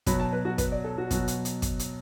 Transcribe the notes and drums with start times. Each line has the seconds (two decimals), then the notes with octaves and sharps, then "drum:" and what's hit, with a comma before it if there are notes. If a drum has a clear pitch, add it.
0.06 B2 F#3 B5, drum: kick, hi-hat
0.20 A5
0.33 B4
0.45 F#4
0.58 B4, drum: kick, hi-hat
0.72 D5
0.84 A4
0.98 F#4
1.11 B2 F#3, drum: kick, hi-hat
1.28 drum: hi-hat
1.45 drum: hi-hat
1.62 drum: kick, hi-hat
1.79 drum: hi-hat